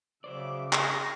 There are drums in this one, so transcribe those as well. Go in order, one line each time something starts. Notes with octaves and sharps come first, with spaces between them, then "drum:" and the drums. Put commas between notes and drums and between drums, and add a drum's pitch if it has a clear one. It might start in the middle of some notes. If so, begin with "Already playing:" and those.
C#3 F#3 C5 D5 E5 D6
G#4 G5 F6 A#6 C7, drum: clap